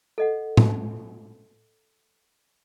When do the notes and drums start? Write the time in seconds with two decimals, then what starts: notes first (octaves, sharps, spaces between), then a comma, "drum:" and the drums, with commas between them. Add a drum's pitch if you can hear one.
0.18 A4 D#5 F#5
0.57 drum: tom A2